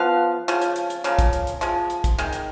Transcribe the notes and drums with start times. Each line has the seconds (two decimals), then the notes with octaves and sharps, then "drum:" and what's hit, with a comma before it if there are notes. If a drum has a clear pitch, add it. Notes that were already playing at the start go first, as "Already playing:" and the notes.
Already playing: F3 B3 F5
0.48 C#3 F3, drum: hi-hat
0.62 drum: hi-hat
0.76 drum: hi-hat
0.90 drum: hi-hat
1.04 C#3 F3 A#3, drum: hi-hat
1.19 drum: kick, hi-hat
1.33 drum: hi-hat
1.47 drum: hi-hat
1.61 F3 G#3, drum: hi-hat
1.90 drum: hi-hat
2.04 drum: kick, hi-hat
2.18 D#3 G#3, drum: hi-hat
2.33 drum: hi-hat